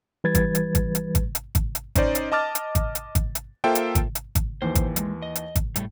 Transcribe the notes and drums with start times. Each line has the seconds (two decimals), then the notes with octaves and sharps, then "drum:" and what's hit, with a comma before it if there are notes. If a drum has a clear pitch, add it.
0.24 E3 G3 B4 G#6 A6
0.35 drum: kick G#1, hi-hat
0.55 drum: hi-hat
0.75 drum: kick G#1, hi-hat
0.95 drum: hi-hat
1.15 drum: kick G#1, hi-hat
1.35 drum: hi-hat
1.55 drum: kick G#1, hi-hat
1.75 drum: hi-hat
1.95 C#4 D#4 C5 D5 D#5, drum: kick G#1, hi-hat
2.15 drum: hi-hat
2.32 D#5 A5 D6 F6 A6
2.55 drum: hi-hat
2.75 drum: kick G#1, hi-hat
2.95 drum: hi-hat
3.15 drum: kick G#1, hi-hat
3.35 drum: hi-hat
3.64 A#3 F4 A4 C5 E5 G5
3.75 drum: hi-hat
3.95 drum: kick G#1, hi-hat
4.15 drum: hi-hat
4.35 drum: kick G#1, hi-hat
4.62 D#2 E3 C5
4.75 drum: kick G#1, hi-hat
4.96 F3 G#3, drum: hi-hat
5.22 D#5
5.35 drum: hi-hat
5.55 drum: kick G#1, hi-hat
5.76 A2 G3 A3, drum: hi-hat